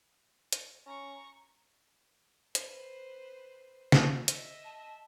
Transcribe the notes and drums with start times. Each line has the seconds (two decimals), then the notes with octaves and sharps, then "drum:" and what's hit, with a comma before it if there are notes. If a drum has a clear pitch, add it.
0.53 drum: hi-hat
0.86 C#4 A#5 C#6
2.55 B4 C5, drum: hi-hat
3.92 drum: snare
4.28 D#5 E5, drum: hi-hat
4.64 A5